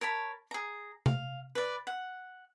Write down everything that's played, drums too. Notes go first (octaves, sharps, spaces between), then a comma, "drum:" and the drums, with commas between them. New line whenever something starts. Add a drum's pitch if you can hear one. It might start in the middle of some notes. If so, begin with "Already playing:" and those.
A#4 C#5 A5 B5
G#4 A#5
F5, drum: tom C3
B4 D5
F#5